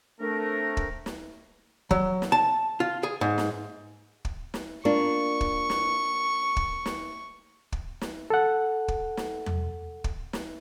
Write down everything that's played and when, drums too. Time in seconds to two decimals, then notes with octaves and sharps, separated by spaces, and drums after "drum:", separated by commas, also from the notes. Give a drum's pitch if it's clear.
0.20 A3 C4 D4 A#4
0.77 drum: kick
1.06 drum: snare
1.91 F#3, drum: kick
2.22 drum: snare
2.32 A5
2.80 F4
3.03 G#4
3.21 G#2
3.38 drum: snare
4.25 drum: kick
4.54 drum: snare
4.85 A#3 D4 F4 C#6
5.41 drum: kick
5.70 drum: snare
6.57 drum: kick
6.86 drum: snare
7.72 drum: kick
8.01 drum: snare
8.30 A4 F#5
8.88 drum: kick
9.17 drum: snare
9.46 drum: tom E2
10.04 drum: kick
10.33 drum: snare